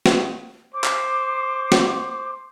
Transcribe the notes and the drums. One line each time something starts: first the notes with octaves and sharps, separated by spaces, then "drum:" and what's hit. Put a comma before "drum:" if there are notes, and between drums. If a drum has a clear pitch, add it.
drum: snare
C5 D6
drum: clap
drum: snare